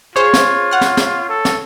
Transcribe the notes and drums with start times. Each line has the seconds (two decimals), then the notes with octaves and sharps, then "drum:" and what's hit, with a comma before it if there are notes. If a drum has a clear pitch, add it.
0.16 F4 G#4 C5 C#5
0.34 drum: snare
0.71 F#5 F6
0.81 drum: snare
0.97 drum: snare
1.29 A4
1.45 drum: snare